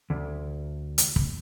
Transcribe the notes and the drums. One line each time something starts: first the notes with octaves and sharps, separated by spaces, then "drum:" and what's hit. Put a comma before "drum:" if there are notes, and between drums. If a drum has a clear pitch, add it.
D2
drum: hi-hat
drum: kick